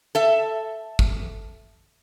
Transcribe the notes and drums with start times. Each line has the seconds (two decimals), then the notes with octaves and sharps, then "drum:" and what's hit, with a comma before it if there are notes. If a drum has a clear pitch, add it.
0.15 A4 E5
0.99 drum: kick G#1